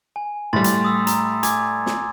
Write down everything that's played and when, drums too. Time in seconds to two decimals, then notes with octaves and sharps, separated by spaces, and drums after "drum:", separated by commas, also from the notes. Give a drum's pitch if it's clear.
0.16 G#5
0.53 A2 G3 C6 A6
0.64 drum: hi-hat
0.85 D#6 E6
1.07 A#5, drum: hi-hat
1.43 G#5 D6 G#6, drum: hi-hat
1.86 drum: snare